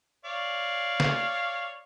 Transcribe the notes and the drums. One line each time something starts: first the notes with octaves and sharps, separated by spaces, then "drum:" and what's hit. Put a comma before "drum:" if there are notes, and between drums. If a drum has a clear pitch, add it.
C#5 D5 F5
drum: snare